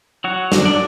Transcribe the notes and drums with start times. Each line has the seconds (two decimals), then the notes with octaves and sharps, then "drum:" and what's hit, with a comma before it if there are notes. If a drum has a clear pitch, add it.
0.24 F#3 F#4 F#5
0.52 D3, drum: snare
0.65 D4 D5